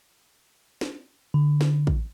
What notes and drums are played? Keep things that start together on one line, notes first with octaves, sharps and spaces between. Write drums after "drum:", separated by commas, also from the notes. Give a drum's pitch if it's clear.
drum: snare
D3
drum: snare
drum: kick